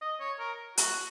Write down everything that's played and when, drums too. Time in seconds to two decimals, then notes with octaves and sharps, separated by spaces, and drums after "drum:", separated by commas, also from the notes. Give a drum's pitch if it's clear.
0.01 D#5
0.20 C#5
0.39 A#4
0.77 F#4, drum: hi-hat